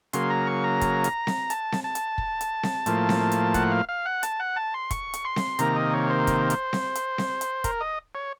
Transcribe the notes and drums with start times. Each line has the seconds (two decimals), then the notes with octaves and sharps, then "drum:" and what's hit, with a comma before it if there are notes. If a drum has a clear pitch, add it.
0.13 C#3 F#3 A#3 C6, drum: hi-hat
0.30 A#5
0.47 C#6
0.64 A#5
0.81 drum: kick, hi-hat
1.04 drum: hi-hat
1.27 drum: snare C4
1.50 A5, drum: hi-hat
1.72 drum: snare C4
1.84 A5
1.95 drum: hi-hat
2.18 drum: kick
2.41 drum: hi-hat
2.63 drum: snare C4
2.86 A2 F3 A#3, drum: hi-hat
3.09 drum: snare C4
3.32 drum: hi-hat
3.54 F#5, drum: kick, hi-hat
3.72 F5
3.89 F5
4.06 F#5
4.23 A5, drum: hi-hat
4.40 F#5
4.56 A5
4.74 C6
4.91 C#6, drum: kick, hi-hat
5.14 drum: hi-hat
5.25 C6
5.36 drum: snare C4
5.59 C3 D#3 A#3 A#5, drum: hi-hat
5.76 D#5
5.93 C#5
6.10 C5
6.27 drum: kick, hi-hat
6.50 drum: hi-hat
6.73 drum: snare C4
6.95 drum: hi-hat
7.18 drum: snare C4
7.41 drum: hi-hat
7.64 A#4, drum: kick, hi-hat
7.81 D#5
8.15 C#5